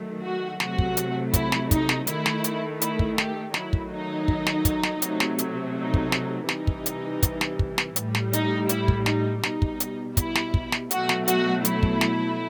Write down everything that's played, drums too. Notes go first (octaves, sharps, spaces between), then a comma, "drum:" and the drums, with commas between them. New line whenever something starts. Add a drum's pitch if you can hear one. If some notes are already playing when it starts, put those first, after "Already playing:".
Already playing: D#3 F#3 A3
F#4
C3 F#3 A3 F#4, drum: snare
drum: kick
drum: hi-hat
E4, drum: kick, hi-hat
drum: snare
D#4, drum: kick, hi-hat
drum: snare
D#3 A3 E4, drum: hi-hat
drum: snare
drum: hi-hat
E4, drum: hi-hat
drum: kick
G4, drum: snare
D#3 F#3 A3 E4, drum: snare
drum: kick
D#4
drum: kick
drum: snare
drum: kick, hi-hat
drum: snare
C3 F#3 A3, drum: hi-hat
drum: snare
drum: hi-hat
D#4
drum: kick
drum: snare
C3 E3 G3 D#4, drum: snare
drum: kick
drum: hi-hat
drum: kick, hi-hat
drum: snare
drum: kick
drum: snare
A2 G3, drum: hi-hat
drum: snare
D#4, drum: hi-hat
E4, drum: hi-hat
drum: kick
D#4, drum: snare
B2 G3 D#4, drum: snare
drum: kick
drum: hi-hat
E4, drum: kick, hi-hat
drum: snare
drum: kick
drum: snare
B2 F#3 A3 F#4, drum: hi-hat
drum: snare
F#4, drum: hi-hat
E4, drum: hi-hat
drum: kick
drum: snare